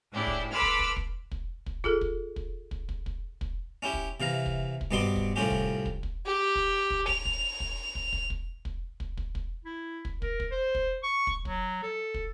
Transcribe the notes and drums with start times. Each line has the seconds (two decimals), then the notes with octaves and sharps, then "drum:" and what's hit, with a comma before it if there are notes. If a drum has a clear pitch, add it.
0.12 A2 D4 E4 G4 G#4
0.27 drum: kick
0.51 A4 B4 B5 C6 D6 F6
0.62 drum: kick
0.79 drum: kick
0.97 drum: kick
1.31 drum: kick
1.66 drum: kick
1.84 F4 G#4 A4, drum: kick
2.01 drum: kick
2.36 drum: kick
2.71 drum: kick
2.89 drum: kick
3.06 drum: kick
3.41 drum: kick
3.82 C#4 E4 G4
3.93 drum: kick
4.20 C3 E3 F5 A#5
4.46 drum: kick
4.81 drum: kick
4.91 G2 B2 B3 C4 C6 D6
5.16 drum: kick
5.36 C2 A2 F3 C4 C#4 G4
5.51 drum: kick
5.86 drum: kick
6.03 drum: kick
6.26 G4
6.55 drum: kick
6.90 drum: kick
7.08 F7, drum: kick
7.25 drum: kick
7.60 drum: kick
7.95 drum: kick
8.13 drum: kick
8.30 drum: kick
8.65 drum: kick
9.00 drum: kick
9.17 drum: kick
9.35 drum: kick
9.64 E4
10.05 drum: kick
10.22 A#4, drum: kick
10.40 drum: kick
10.51 C5
10.75 drum: kick
11.03 C#6
11.27 drum: kick
11.45 F#3, drum: kick
11.83 A4
12.14 drum: kick